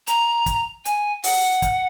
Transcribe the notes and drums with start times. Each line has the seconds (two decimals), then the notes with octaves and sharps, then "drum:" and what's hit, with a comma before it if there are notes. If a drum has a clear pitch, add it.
0.07 A#5, drum: hi-hat
0.46 drum: kick, hi-hat
0.85 G#5, drum: hi-hat
1.24 F#5, drum: open hi-hat
1.62 drum: kick, hi-hat